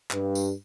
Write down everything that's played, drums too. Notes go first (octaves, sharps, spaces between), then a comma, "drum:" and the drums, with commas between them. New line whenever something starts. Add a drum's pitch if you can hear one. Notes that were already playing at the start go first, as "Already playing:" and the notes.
G2, drum: clap
drum: tambourine